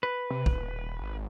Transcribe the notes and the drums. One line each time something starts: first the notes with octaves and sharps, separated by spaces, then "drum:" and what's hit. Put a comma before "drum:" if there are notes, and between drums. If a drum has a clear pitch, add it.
B4
C3
D#1, drum: kick
G#1